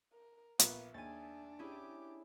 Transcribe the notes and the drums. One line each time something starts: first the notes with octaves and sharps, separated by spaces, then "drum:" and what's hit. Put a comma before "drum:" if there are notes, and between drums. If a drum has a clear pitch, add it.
A#4
A#1 A#3 B3 E5, drum: hi-hat
D#2 D4 G#4 E5 G#5 A6
C#4 E4 G4 G#4 D6